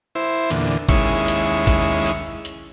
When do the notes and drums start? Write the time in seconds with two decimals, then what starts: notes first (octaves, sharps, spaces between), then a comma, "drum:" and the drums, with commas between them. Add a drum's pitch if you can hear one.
0.15 E4 C5
0.50 E2 A#2 D3, drum: hi-hat
0.89 D#2 G#3 C#4 E4 C#6, drum: kick A1, hi-hat
1.28 drum: hi-hat
1.67 drum: kick A1, hi-hat
2.06 drum: hi-hat
2.45 drum: hi-hat